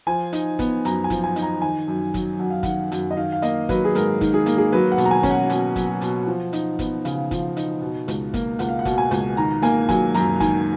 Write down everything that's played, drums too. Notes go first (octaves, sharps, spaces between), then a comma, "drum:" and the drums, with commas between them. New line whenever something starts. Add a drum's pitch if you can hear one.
F3 G#5
D#4, drum: hi-hat
B3, drum: kick G1, hi-hat
F#2 A#5, drum: hi-hat
G#5
F3, drum: kick G1, hi-hat
G#5
D#4, drum: hi-hat
A#5
D#3 G#5
F#2
F#3, drum: kick G1, hi-hat
F#2 F#5
F5
D#3 F#5, drum: kick G1, hi-hat
F#2, drum: hi-hat
D#5
D#3 F5
F5
A#3 D#5, drum: hi-hat
F#3 B4, drum: kick G1, hi-hat
G#4
G#2 A#4, drum: hi-hat
D#3, drum: kick G1, hi-hat
G#4
A#3, drum: hi-hat
G#4
F#3 B4
F#5
B2, drum: hi-hat
A#5
G#5
C#4, drum: kick G1, hi-hat
F#5
B2, drum: hi-hat
F#3, drum: kick G1, hi-hat
B2, drum: hi-hat
F3
D#4, drum: hi-hat
B3, drum: kick G1, hi-hat
C#3 F5, drum: hi-hat
F3, drum: kick G1, hi-hat
D#4, drum: hi-hat
B2
C#2, drum: hi-hat
A#3, drum: kick G1, hi-hat
C#2 F#5, drum: hi-hat
F5
F#5
B2, drum: kick G1, hi-hat
G#5
C#2, drum: hi-hat
D#3 A#5
A#3 G#5, drum: hi-hat
F#3 G#5, drum: kick G1, hi-hat
F#2 A#5, drum: hi-hat
D#3 G#5, drum: kick G1, hi-hat